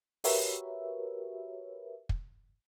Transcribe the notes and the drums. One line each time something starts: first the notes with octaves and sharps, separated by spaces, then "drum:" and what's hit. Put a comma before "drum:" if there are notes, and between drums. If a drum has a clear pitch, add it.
F#4 G4 A#4 B4 C#5 E5, drum: open hi-hat
drum: kick